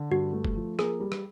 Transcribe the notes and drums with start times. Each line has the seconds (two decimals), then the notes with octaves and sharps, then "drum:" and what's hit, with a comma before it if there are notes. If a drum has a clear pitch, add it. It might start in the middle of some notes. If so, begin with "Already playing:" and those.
Already playing: D3
0.10 G2 F#4
0.33 A3
0.45 drum: kick F#1
0.56 F3
0.79 A#3 G#4, drum: rim click
1.00 G3
1.12 drum: rim click